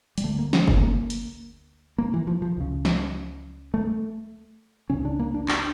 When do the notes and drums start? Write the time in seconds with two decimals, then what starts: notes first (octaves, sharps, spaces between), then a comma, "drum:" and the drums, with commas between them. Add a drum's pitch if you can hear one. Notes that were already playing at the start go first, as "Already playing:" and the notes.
0.18 G3, drum: hi-hat
0.23 D2 D3 A3
0.38 A#3
0.53 C#4, drum: snare
0.67 C#4, drum: kick
0.77 A3
0.82 A#3
1.10 drum: hi-hat
1.98 A#3
2.14 E3
2.27 F3
2.42 F3
2.57 C#2 C#3
2.85 drum: snare
3.74 A3
4.90 C#2 C#3 C#4
5.05 D4
5.19 A#3
5.34 D4
5.48 D4, drum: clap